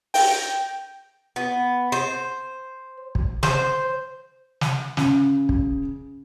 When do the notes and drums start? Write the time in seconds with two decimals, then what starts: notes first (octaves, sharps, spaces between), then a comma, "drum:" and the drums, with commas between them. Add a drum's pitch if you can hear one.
0.14 G5, drum: open hi-hat
1.36 B3
1.92 C5
3.15 drum: kick
3.43 C5, drum: snare
4.61 drum: snare
4.97 C#3, drum: snare
5.49 drum: kick